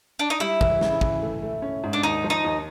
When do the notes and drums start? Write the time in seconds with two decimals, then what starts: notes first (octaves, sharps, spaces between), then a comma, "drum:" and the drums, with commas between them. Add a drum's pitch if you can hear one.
0.19 D4
0.30 D#4
0.40 G3 E4
0.61 E3, drum: kick
0.81 C#3, drum: snare
1.01 E3, drum: kick
1.22 A3
1.42 A3
1.62 C#4
1.84 G#2
1.93 D4
2.03 D#2 D#4
2.24 F3
2.30 D#4
2.45 D#2